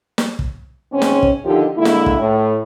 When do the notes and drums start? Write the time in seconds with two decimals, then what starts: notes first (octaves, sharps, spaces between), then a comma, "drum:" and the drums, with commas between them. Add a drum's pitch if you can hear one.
0.18 drum: snare
0.39 drum: kick
0.92 G#2 C#3 C4 C#4
1.02 drum: snare
1.23 drum: kick
1.43 D3 D#3 F3 D#4 G4
1.76 D3 G#3 A#3 E4
1.85 drum: snare
2.06 drum: kick
2.18 A2